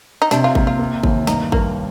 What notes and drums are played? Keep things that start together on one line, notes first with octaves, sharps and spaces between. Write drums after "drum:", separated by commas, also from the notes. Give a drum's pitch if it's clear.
D#4
C3 D4, drum: snare
F4
A#3, drum: kick G#1
F4
A#3
D#2, drum: kick G#1
G2 D#4, drum: snare
G2 A#3, drum: kick G#1